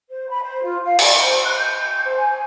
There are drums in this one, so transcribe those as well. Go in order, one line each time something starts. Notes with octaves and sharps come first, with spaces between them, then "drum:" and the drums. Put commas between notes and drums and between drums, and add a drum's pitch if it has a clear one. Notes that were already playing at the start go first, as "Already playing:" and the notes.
C5
B5
C5
F4
F5
D5, drum: cymbal
C5
F#6
G6
C5
G#5